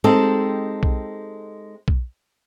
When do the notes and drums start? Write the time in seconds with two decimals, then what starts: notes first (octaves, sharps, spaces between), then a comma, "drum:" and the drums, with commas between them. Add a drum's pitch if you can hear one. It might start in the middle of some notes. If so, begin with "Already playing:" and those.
0.04 G#3 C4 D#4 G4 A4
0.83 drum: kick B1
1.88 drum: kick B1